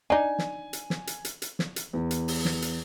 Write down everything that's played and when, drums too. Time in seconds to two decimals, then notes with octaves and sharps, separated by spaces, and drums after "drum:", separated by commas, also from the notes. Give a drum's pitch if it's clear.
0.10 D4 D#4 G#5
0.39 drum: snare
0.73 drum: hi-hat
0.90 drum: snare
1.07 drum: hi-hat
1.25 drum: hi-hat
1.42 drum: hi-hat
1.59 drum: snare
1.76 drum: hi-hat
1.93 E2
2.11 drum: hi-hat
2.28 drum: open hi-hat
2.45 drum: snare
2.62 drum: hi-hat